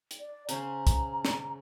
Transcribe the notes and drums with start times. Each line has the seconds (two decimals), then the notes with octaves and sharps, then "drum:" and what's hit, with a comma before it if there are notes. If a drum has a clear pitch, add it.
0.11 drum: hi-hat
0.20 D5
0.49 C#3 C#4 C5 A#5, drum: hi-hat
0.87 drum: kick, hi-hat
1.25 drum: snare